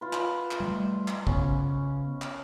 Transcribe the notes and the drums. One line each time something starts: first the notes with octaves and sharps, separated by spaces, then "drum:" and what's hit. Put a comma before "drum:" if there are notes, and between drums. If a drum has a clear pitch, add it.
F4 B4
drum: clap
drum: clap
G3 A3
drum: clap
C#3 B3 C#4, drum: kick
drum: clap